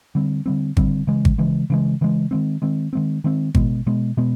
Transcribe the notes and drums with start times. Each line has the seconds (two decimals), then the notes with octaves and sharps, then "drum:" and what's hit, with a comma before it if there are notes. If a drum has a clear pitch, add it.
0.15 D3 G3 C4
0.46 D3 G3 C4
0.77 D3 G3 C4, drum: kick G#1
1.07 C#3 E3 G#3
1.25 drum: kick G#1
1.38 C#3 E3 G#3
1.70 C#3 E3 G#3
2.01 C#3 E3 G#3
2.31 D#3 G#3 C4
2.62 D#3 G#3 C4
2.93 D#3 G#3 C4
3.24 D#3 G#3 C4
3.55 B2 G#3 B3, drum: kick G#1
3.86 B2 G#3 B3
4.17 B2 G#3 B3